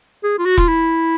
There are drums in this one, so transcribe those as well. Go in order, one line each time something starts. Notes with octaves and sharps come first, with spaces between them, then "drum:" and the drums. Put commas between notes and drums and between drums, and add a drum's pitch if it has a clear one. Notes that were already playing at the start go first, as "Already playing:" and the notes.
G#4
F4
F#4
F4, drum: kick E1
E4